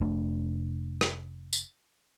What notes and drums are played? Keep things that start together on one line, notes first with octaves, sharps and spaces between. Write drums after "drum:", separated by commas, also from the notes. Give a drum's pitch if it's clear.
F1 A3 D4
drum: rim click
drum: tambourine